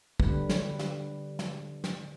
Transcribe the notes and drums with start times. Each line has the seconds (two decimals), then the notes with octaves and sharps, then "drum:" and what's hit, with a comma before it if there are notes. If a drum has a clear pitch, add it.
0.20 D3 G3 B4, drum: kick
0.49 drum: snare
0.79 drum: snare
1.39 drum: snare
1.84 drum: snare